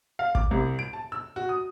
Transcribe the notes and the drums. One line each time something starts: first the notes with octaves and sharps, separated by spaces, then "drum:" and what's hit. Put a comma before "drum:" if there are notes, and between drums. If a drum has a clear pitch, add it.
F5
D6, drum: kick
C2
D7
A5
E6
F#4
D#6